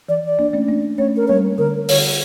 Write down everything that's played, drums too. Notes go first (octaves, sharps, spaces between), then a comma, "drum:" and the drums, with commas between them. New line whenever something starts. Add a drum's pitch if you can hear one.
E3 D5
D5
A#3 D4
A3 C#4
A#3 D4
A3 C#4 C#5
A#4
C#4
G3 A#3 C#5
D3 A#4
D3 C#5, drum: open hi-hat